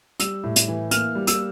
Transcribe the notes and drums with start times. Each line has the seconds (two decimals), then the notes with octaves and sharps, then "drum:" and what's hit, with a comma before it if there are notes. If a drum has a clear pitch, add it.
0.20 G3 E6, drum: hi-hat
0.43 A2
0.56 drum: hi-hat
0.68 E3
0.91 A#3 F6, drum: hi-hat
1.15 G3
1.27 E6, drum: hi-hat